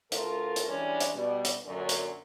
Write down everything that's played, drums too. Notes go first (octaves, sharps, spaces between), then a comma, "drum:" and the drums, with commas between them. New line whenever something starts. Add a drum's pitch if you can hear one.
D2 A3 F4 A#4, drum: hi-hat
drum: hi-hat
E3 G3 G#3 C#4 D4
drum: hi-hat
B2 G3
drum: hi-hat
F#2 A#2 D3
drum: hi-hat